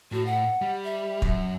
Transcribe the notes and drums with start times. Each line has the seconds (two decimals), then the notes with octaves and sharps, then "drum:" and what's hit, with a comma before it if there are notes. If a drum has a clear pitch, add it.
0.12 A2 F#4
0.26 F#5
0.62 G3
0.84 E5
1.22 F#2, drum: kick